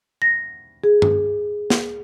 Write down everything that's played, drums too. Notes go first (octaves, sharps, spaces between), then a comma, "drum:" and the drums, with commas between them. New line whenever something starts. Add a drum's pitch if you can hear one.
A#6
G#4
drum: tom G2
drum: snare